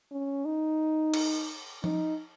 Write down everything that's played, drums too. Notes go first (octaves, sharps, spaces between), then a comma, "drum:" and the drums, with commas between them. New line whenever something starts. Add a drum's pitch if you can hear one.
C#4
D#4
drum: cymbal
D#4, drum: tom F3